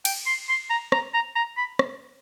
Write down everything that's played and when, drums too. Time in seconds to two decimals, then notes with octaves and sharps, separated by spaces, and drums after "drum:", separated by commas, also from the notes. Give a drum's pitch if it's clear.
0.05 G5, drum: cymbal
0.26 C6
0.49 C6
0.70 A#5
0.92 A#5, drum: rim click
1.14 A#5
1.36 A#5
1.57 B5
1.79 drum: rim click